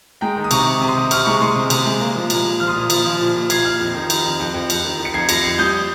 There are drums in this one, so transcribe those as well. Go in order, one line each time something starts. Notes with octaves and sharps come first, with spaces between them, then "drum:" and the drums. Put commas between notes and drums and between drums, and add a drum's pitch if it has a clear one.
G#3 G5 A#5
D#3
D#6
C3 A#5 C#6, drum: cymbal
C3
C3
C6 D#6
C3
C3 C#6 F6, drum: cymbal
G#3 A#5 C#6
G#3 C6 D#6
C3
C3, drum: cymbal
G#3
A#3
F3
A#2, drum: cymbal
A#2
F3 F6
C6 D#6
A#2
F3, drum: cymbal
F3
A#2
A#2
A#2 G#6 C7, drum: cymbal
A#2 F6 G#6
F2
D#3
D#3, drum: cymbal
F2
F2
F2
F2, drum: cymbal
D#3
D#3
C#7
F2 G#6 C7
F2 A#6 C#7, drum: cymbal
F2 G#6 C7
G3 D#6 G6